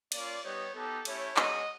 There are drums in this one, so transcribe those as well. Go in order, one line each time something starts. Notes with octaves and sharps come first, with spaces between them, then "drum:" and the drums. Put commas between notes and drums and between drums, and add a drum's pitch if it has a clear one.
A#3 C#4 F4 D5, drum: cymbal
G3 B3 D#4 G4 C#5
B3 D#4 G4 A4
A3 C#4 E4 G4 C#5, drum: cymbal
G#3 C#4 F#4 D#5, drum: clap